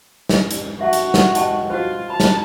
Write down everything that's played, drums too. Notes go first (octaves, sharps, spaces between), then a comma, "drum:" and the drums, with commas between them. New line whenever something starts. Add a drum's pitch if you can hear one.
drum: snare
drum: hi-hat
F#4 E5 F#5 A5
drum: hi-hat
drum: snare
D#5 G5 A5, drum: hi-hat
F4 F#4 C5
A5 B5
drum: snare